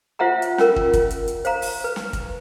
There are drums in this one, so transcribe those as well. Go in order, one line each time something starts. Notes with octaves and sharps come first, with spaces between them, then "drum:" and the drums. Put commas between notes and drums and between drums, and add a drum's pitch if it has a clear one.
F4 C5 E5 F#5 A#5
drum: hi-hat
C#4 F4 A#4, drum: snare
drum: kick
drum: kick, hi-hat
drum: hi-hat
drum: hi-hat
C5 F5 A#5, drum: hi-hat
drum: open hi-hat
B4
drum: snare
drum: kick, hi-hat